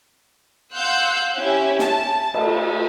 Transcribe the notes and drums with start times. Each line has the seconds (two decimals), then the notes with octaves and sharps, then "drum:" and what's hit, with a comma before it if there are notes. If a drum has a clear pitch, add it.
0.75 F5 F#5 C6 E6 F#6 G6
1.37 C#4 E4 G4 E5
1.79 A5, drum: snare
2.34 A3, drum: cymbal